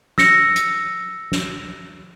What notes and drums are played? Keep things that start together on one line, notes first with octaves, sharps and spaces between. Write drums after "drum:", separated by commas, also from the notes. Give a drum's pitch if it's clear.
E6 A#6 C#7, drum: snare
drum: hi-hat
drum: snare